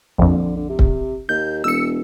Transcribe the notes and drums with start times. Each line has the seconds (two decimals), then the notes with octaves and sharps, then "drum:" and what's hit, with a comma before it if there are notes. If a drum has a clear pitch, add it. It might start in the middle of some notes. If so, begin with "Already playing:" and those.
0.18 A#1 F2 D3
0.56 D3
0.69 C3
0.79 drum: kick C#1
1.29 D#2 G6
1.64 E1 E6 C#7